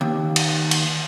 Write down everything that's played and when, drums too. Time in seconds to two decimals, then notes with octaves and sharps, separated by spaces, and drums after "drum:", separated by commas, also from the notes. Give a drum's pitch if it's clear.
0.01 D#2
0.36 drum: cymbal
0.71 drum: cymbal